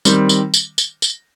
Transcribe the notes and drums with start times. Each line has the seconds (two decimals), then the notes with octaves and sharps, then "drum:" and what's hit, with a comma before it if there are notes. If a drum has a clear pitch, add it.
0.05 D#3 G3 C4, drum: tambourine
0.29 drum: tambourine
0.54 drum: tambourine
0.78 drum: tambourine
1.02 drum: tambourine